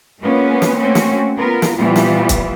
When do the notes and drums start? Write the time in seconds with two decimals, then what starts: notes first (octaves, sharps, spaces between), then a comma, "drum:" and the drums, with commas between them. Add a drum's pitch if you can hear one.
0.21 G#3 A#3 B3 C#4 F4 B4
0.62 drum: snare
0.78 A3 A#3 C4 C#4 F#4
0.95 drum: snare
1.37 B3 F4 A#4
1.62 drum: snare
1.77 A#2 E3 F3 G3 B3 F4
1.96 drum: snare
2.29 drum: kick, hi-hat